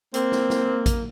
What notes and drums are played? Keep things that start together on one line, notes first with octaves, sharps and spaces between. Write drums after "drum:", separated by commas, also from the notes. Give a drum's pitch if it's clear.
A#3 C4, drum: hi-hat
drum: snare
drum: snare
drum: kick A1, hi-hat